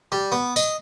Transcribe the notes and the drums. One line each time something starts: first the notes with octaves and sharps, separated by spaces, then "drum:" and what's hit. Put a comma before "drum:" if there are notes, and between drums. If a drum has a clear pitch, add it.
G3
B3
D#5, drum: tambourine